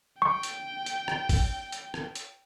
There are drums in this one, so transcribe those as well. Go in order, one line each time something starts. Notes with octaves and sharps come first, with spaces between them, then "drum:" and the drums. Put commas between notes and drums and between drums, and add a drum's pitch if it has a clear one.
G5 C#6
drum: hi-hat
drum: hi-hat
drum: rim click
drum: kick G#1, open hi-hat
drum: hi-hat
drum: rim click
drum: hi-hat